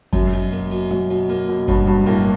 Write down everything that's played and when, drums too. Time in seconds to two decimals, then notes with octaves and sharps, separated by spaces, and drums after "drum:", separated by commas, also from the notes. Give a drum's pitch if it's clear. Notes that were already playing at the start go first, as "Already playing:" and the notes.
0.13 F#2 F#3, drum: kick G1, cymbal
0.33 B2, drum: cymbal
0.52 A#3, drum: cymbal
0.71 B2, drum: cymbal
0.91 F#3, drum: tom
1.10 B2, drum: cymbal
1.30 A#3, drum: cymbal
1.49 B2
1.68 G2 F#3, drum: kick G1, cymbal
1.87 G2 B2
2.06 A2 A#3, drum: cymbal